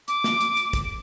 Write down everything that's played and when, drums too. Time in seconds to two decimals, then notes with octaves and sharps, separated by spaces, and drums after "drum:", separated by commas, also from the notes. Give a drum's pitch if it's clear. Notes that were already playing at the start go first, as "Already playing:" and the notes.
0.08 D6, drum: hi-hat
0.24 drum: snare
0.41 drum: hi-hat
0.57 drum: hi-hat
0.73 drum: kick, hi-hat